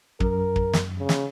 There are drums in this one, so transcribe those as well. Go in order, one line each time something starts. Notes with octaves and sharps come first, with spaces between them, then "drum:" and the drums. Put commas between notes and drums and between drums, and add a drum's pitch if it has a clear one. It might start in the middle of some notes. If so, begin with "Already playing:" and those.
F#2 A#4, drum: kick
drum: kick
drum: snare
C#3
drum: snare